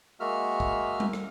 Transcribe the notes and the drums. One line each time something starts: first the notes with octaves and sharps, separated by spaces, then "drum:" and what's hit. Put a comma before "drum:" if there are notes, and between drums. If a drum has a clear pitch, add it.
G#3 A#3 F#4 E5 F6
drum: kick
drum: tom G3
drum: rim click